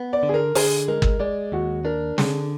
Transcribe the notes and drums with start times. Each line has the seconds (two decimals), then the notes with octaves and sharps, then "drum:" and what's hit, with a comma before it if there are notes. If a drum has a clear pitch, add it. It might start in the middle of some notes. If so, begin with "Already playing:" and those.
Already playing: B3
0.13 D5
0.23 D3
0.29 G#4
0.34 A#4
0.55 D3 G#4, drum: open hi-hat
0.88 G#3 A#4
1.02 drum: kick G1
1.20 G#3 D5
1.52 D#2 F#4
1.85 D4 A#4
2.18 D3 G#4, drum: snare